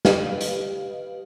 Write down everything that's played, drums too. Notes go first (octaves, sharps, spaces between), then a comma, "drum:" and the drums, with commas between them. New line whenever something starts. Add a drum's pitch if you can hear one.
G4 B4 D#5 F5, drum: snare
drum: hi-hat